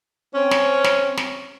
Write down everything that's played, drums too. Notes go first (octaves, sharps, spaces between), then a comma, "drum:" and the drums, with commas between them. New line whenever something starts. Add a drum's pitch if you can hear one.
C4 C#4
drum: snare
drum: snare
drum: snare